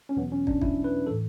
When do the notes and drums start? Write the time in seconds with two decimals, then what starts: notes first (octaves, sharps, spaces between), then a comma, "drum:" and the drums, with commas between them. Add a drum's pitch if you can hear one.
0.09 C#4
0.17 E2 B2 F#3 B3
0.32 C#4
0.47 D4, drum: kick
0.62 E4, drum: kick
0.84 B4
1.07 A2 E3 A4